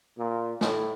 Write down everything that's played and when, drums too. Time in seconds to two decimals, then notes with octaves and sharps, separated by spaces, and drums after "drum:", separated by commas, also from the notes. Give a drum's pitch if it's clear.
0.17 A#2
0.61 A2, drum: snare